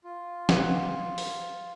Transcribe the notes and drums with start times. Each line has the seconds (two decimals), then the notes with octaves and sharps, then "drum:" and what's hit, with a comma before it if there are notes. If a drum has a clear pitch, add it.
0.04 F4
0.49 G4 B4 F#5, drum: snare
1.18 drum: open hi-hat